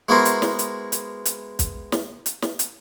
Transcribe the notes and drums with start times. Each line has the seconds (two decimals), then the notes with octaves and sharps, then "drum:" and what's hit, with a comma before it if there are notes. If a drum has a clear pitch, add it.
0.09 G#3 B3 E4 F#4 A#4 C5
0.25 drum: hi-hat
0.42 drum: snare
0.59 drum: hi-hat
0.92 drum: hi-hat
1.25 drum: hi-hat
1.59 drum: kick, hi-hat
1.92 drum: snare
2.26 drum: hi-hat
2.42 drum: snare
2.59 drum: hi-hat